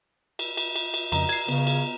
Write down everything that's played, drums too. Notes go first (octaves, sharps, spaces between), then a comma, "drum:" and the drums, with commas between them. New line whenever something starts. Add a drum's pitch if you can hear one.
drum: cymbal
drum: cymbal
drum: cymbal
drum: cymbal
F2 C#3 D#5 A#5, drum: cymbal
G#6 C7, drum: cymbal
C#3 B3, drum: cymbal
drum: cymbal